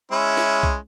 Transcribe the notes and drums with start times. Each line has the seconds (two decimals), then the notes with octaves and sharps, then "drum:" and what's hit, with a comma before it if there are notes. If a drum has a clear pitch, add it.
0.11 G#3 C#4 E4
0.37 drum: snare
0.63 drum: kick C2